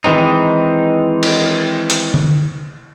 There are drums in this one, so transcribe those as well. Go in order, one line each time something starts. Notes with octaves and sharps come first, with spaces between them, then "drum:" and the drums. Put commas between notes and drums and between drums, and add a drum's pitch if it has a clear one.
D#3 E3 G#3 C4 D#4
drum: cymbal
drum: hi-hat
drum: tom D3